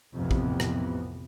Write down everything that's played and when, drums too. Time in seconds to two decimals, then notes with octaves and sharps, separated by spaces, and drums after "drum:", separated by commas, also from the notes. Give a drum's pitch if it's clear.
0.15 A#1 F2 A2 C3 E3 B3
0.31 drum: kick
0.60 drum: rim click